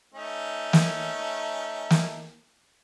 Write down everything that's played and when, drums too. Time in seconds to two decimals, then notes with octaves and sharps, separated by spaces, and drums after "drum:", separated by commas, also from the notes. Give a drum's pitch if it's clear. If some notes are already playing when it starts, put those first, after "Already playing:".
0.14 A3 C#4 D#4
0.73 drum: snare
1.90 drum: snare